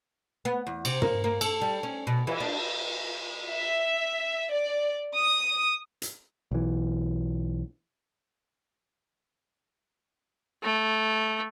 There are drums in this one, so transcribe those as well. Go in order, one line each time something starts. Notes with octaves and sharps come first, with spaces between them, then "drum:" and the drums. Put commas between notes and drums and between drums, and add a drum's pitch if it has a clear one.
B3
E2
C3, drum: cymbal
A#3, drum: tom
A#3
A4, drum: cymbal
G3
C#4
B2
E3, drum: cymbal
D4
E5
D5
D#6
drum: hi-hat
B1 E3
A3